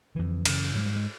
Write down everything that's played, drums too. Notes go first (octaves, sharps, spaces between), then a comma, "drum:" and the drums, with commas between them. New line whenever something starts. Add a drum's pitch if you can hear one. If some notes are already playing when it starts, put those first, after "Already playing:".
F2 D3 E3
F#2 C#3, drum: cymbal
G#2 F#3
G3
G#3